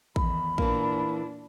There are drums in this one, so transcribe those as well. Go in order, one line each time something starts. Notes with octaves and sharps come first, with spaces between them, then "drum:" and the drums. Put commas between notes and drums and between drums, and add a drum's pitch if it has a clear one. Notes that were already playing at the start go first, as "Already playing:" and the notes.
E2 D#3 B5, drum: kick
A#2 E3 A#3 D4, drum: kick